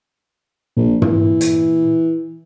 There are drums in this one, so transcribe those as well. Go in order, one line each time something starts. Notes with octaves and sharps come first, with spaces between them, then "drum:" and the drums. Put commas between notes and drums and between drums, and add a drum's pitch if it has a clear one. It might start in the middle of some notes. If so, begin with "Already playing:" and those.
A#1 A#2
E3, drum: tom
drum: hi-hat